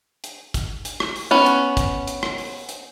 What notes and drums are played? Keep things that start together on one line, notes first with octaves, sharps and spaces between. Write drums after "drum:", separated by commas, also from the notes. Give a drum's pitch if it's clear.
drum: hi-hat
drum: kick, hi-hat
drum: hi-hat
drum: rim click
drum: open hi-hat
B3 C#4
drum: hi-hat
drum: kick, hi-hat
drum: hi-hat
drum: rim click
drum: open hi-hat
drum: hi-hat